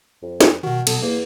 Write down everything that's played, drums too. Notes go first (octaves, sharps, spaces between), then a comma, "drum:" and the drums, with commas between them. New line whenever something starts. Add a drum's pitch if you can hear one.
F2
drum: snare
B2 D#3 F#4
B2 F#3 B3 A4, drum: cymbal
E2 A#3